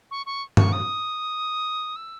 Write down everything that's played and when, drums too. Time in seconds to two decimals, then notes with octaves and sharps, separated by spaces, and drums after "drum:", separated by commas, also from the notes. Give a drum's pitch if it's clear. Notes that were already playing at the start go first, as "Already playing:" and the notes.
0.11 C#6
0.26 C#6
0.57 C#6, drum: tom G2
0.72 D#6
1.96 E6